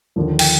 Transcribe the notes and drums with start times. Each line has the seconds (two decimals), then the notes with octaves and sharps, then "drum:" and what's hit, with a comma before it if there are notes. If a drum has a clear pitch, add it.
0.16 D#2 D3 F3 A#3
0.39 G5, drum: cymbal